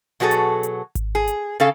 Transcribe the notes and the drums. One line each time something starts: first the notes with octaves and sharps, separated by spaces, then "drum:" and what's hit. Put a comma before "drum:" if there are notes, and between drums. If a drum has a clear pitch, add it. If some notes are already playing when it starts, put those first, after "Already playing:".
B2 F#3 F#4 G#4 A4
drum: hi-hat
drum: hi-hat
drum: kick G#1, hi-hat
G#4
drum: hi-hat
C#3 C#4 A4 F5